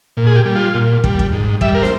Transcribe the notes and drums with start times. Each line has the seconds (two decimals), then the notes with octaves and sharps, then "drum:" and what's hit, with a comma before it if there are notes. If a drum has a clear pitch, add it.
0.17 A#2
0.27 G#4
0.36 G4
0.46 G3
0.55 F4
0.75 A#2
1.04 G3, drum: kick
1.19 drum: kick
1.32 G#2
1.61 G3 E5, drum: kick
1.75 A#4
1.83 C5, drum: snare